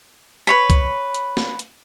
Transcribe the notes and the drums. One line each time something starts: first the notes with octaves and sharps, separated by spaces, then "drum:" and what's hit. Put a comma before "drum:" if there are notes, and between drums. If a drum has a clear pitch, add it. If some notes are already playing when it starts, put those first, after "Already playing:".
B4 C#5 B5
drum: kick C2, hi-hat
drum: hi-hat
drum: snare
drum: hi-hat